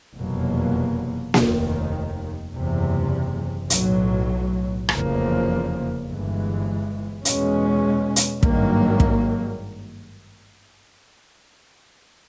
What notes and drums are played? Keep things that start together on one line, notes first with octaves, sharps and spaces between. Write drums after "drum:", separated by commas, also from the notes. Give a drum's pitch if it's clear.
F1 E2 B2 F#3 A#3
F1 D#2 D#3, drum: snare A#3
F#1 E2 C3
B1 A2 F#3, drum: hi-hat
F1 E2 C#3 F3 A#3, drum: rim click
G1 G2 E3 G#3
E2 B2 G#3 C#4, drum: hi-hat
drum: hi-hat
G#1 G2 D#3 F#3 A#3, drum: kick
drum: kick